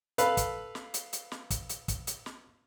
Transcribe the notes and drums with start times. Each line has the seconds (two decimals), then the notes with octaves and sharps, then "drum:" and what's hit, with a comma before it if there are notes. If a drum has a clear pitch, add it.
0.18 A4 B4 F5 B5, drum: hi-hat
0.37 drum: kick, hi-hat
0.75 drum: snare
0.94 drum: hi-hat
1.13 drum: hi-hat
1.32 drum: snare
1.50 drum: kick, hi-hat
1.69 drum: hi-hat
1.88 drum: kick, hi-hat
2.07 drum: hi-hat
2.26 drum: snare